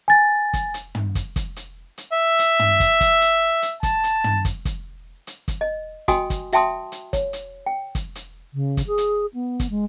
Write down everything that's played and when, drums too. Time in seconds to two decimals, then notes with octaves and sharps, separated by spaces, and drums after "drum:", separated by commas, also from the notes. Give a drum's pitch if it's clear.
0.08 G#5 A6
0.53 drum: kick, hi-hat
0.74 drum: hi-hat
0.95 drum: tom
1.15 drum: kick, hi-hat
1.36 drum: kick, hi-hat
1.56 drum: hi-hat
1.98 drum: hi-hat
2.13 E5
2.39 drum: hi-hat
2.59 drum: tom
2.80 drum: kick, hi-hat
3.01 drum: kick, hi-hat
3.21 drum: hi-hat
3.62 drum: hi-hat
3.83 A5, drum: kick, hi-hat
4.04 drum: hi-hat
4.24 drum: tom
4.45 drum: kick, hi-hat
4.65 drum: kick, hi-hat
5.27 drum: hi-hat
5.48 drum: kick, hi-hat
5.61 D#5
6.08 F#4 D#5 G5 G#5 C6 D#6, drum: kick, hi-hat
6.30 drum: kick, hi-hat
6.52 F#4 E5 G5 A5 C6 D#6, drum: hi-hat
6.92 drum: hi-hat
7.13 C#5, drum: kick, hi-hat
7.33 drum: hi-hat
7.66 G5
7.95 drum: kick, hi-hat
8.15 drum: hi-hat
8.53 C#3
8.77 drum: kick, hi-hat
8.87 G#4
8.98 drum: hi-hat
9.34 B3
9.60 drum: kick, hi-hat
9.70 G#3